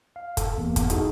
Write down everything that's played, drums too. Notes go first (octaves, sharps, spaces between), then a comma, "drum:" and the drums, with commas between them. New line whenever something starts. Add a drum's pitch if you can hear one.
F5
A4, drum: kick, hi-hat
E2 A#3
drum: kick, hi-hat
D#4 E4 F#4 G#4 A4, drum: hi-hat